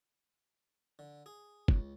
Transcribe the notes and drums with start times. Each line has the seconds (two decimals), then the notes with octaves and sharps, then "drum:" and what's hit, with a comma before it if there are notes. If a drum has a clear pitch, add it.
0.99 D3
1.26 G#4
1.68 C#2, drum: kick